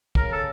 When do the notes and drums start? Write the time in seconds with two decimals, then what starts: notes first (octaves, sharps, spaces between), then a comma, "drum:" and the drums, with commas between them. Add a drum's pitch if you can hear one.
0.15 C#3 A#4, drum: kick
0.31 A4